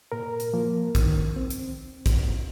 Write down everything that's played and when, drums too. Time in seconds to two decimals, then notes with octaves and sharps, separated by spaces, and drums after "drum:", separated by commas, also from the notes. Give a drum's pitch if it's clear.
0.12 A#2 A#4
0.40 drum: hi-hat
0.53 F3 A#3
0.95 D#3, drum: kick, hi-hat
1.36 C4
1.50 drum: hi-hat
2.06 drum: kick, hi-hat